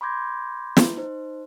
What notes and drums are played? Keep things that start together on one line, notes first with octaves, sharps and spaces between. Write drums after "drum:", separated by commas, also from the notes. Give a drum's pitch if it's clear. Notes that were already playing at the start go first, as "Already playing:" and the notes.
B5 C6 D6 G6 G#6 A#6
drum: snare
D#4 C5